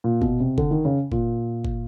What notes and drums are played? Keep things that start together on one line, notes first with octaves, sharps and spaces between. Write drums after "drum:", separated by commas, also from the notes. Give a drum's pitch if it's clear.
A#2
B2, drum: kick G1
C3
D3, drum: kick G1
D#3
C#3
A#2, drum: kick G1
drum: kick G1